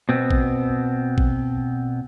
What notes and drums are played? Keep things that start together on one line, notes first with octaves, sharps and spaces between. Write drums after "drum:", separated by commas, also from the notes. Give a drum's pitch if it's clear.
B2 B3 C4
drum: kick A1
drum: kick A1